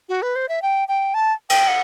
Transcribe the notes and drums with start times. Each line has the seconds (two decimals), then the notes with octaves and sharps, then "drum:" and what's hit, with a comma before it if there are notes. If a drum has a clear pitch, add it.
0.09 F#4
0.22 B4
0.36 C5
0.49 E5
0.62 G5
0.88 G5
1.14 A5
1.50 G5, drum: cymbal
1.68 F#5